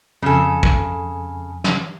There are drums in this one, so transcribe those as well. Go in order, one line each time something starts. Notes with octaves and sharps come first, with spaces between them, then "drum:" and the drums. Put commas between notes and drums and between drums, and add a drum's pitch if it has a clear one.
F2 C#3 A4 G#5
drum: kick
drum: snare